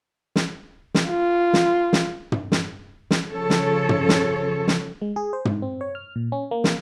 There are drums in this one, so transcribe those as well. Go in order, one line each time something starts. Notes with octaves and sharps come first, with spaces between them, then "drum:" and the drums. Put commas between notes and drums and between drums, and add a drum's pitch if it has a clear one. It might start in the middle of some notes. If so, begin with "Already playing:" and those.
drum: snare
drum: snare
F4
drum: snare
drum: snare
drum: tom
drum: snare
drum: snare
C#3 F3 A4 C#5
drum: snare
drum: tom
drum: snare
drum: snare
G#3
G#4
C5
G#2, drum: tom
C4
C#5
F6
A#2
C#4
A#3
drum: snare